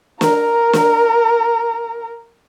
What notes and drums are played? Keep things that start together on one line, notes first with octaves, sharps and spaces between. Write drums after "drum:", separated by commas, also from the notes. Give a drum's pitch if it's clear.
A#4 A#5, drum: snare
drum: snare